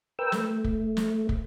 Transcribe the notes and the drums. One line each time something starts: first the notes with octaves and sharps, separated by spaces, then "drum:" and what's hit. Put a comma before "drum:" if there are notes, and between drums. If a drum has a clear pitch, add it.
A#4 B4 G5 E6
A3, drum: snare
drum: kick
drum: snare
drum: kick